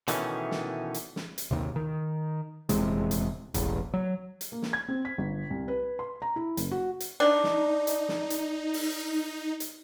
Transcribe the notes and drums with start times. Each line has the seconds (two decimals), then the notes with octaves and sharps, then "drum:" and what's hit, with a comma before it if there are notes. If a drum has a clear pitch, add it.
0.08 B2 D#3 E3 A3 C#4, drum: hi-hat
0.51 drum: snare
0.94 drum: hi-hat
1.16 drum: snare
1.38 drum: hi-hat
1.51 D#2 C3
1.76 D#3
2.69 D#1 E2 C3 G#3, drum: hi-hat
3.11 drum: hi-hat
3.54 E1 A1 E2, drum: hi-hat
3.94 F#3
4.41 drum: hi-hat
4.52 A#3
4.62 drum: snare
4.73 G#6
4.88 C4
5.05 B6
5.18 G1
5.50 C2
5.68 B4
5.99 C6
6.22 A#5
6.36 E4
6.57 F#1, drum: hi-hat
6.71 F#4
7.00 drum: hi-hat
7.20 D4 D#4
7.44 drum: snare
7.87 drum: hi-hat
8.09 drum: snare
8.30 drum: hi-hat
8.74 drum: open hi-hat
9.60 drum: hi-hat